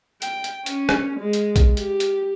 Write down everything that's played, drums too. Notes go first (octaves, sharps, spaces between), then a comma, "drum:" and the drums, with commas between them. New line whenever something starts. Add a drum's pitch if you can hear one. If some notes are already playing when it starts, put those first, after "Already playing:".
G5, drum: hi-hat
drum: hi-hat
C#4, drum: hi-hat
drum: rim click
G#3
drum: hi-hat
drum: kick A#1, hi-hat
G4, drum: hi-hat
drum: hi-hat